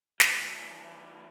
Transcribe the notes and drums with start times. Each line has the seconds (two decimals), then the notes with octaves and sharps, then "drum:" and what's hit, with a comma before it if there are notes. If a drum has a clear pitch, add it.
0.20 E3 G3, drum: snare